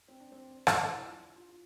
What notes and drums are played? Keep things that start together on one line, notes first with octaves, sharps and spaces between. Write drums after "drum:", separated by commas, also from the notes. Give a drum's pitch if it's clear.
C4
D4
C4
drum: rim click
D4
E4
F4
F4
F4